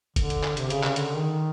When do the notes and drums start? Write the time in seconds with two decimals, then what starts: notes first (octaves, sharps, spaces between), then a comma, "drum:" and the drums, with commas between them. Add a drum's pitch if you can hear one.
0.16 D3, drum: kick, hi-hat
0.30 drum: hi-hat
0.44 drum: clap
0.57 C3, drum: hi-hat
0.70 C#3, drum: hi-hat
0.83 C#3, drum: clap
0.96 D3, drum: hi-hat
1.17 D#3